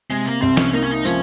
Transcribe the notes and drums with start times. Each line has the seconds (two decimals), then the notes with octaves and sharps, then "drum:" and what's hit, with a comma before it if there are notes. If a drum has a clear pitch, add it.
0.10 C3 G#3
0.26 A#3
0.42 C2 C4
0.57 C#4, drum: snare
0.73 A#3 D#4
0.82 C#4
0.91 D#4
1.05 F3 C#4, drum: tambourine